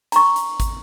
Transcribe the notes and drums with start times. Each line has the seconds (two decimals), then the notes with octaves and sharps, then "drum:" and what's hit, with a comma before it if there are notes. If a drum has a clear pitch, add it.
0.12 A#5 C#6, drum: hi-hat
0.36 drum: hi-hat
0.60 drum: kick G#1, hi-hat